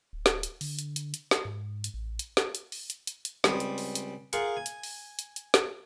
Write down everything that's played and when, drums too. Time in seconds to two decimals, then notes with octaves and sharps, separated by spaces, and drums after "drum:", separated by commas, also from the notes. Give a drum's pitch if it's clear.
0.13 D1
0.26 drum: snare
0.43 drum: hi-hat
0.61 D3, drum: open hi-hat
0.79 drum: hi-hat
0.96 drum: hi-hat
1.14 drum: hi-hat
1.31 drum: snare
1.45 G#2
1.84 drum: hi-hat
1.94 A1
2.19 drum: hi-hat
2.37 drum: snare
2.55 drum: hi-hat
2.72 drum: open hi-hat
2.90 drum: hi-hat
3.07 drum: hi-hat
3.25 drum: hi-hat
3.44 C#2 G3 C4 D#5, drum: snare
3.60 drum: hi-hat
3.78 drum: open hi-hat
3.95 drum: hi-hat
4.33 F4 G#4 A#4 F5 F#5, drum: hi-hat
4.57 G#5
4.66 drum: hi-hat
4.83 drum: open hi-hat
5.19 drum: hi-hat
5.36 drum: hi-hat
5.54 drum: snare